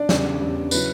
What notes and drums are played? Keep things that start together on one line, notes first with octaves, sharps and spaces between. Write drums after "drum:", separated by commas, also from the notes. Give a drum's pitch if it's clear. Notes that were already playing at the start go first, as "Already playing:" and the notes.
Already playing: D4 D5
E2 C#3 G3, drum: snare
E2 C#3 G3
C#3 F#3 C#4 E4 B4, drum: tambourine